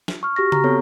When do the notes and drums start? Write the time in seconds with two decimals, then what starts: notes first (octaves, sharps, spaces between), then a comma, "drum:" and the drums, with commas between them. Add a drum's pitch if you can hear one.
0.08 drum: snare
0.23 C#6 F6
0.36 F#4 G4 C#6 F6 A#6
0.52 A#5, drum: tom C#3
0.64 B3 C4 A4 C#5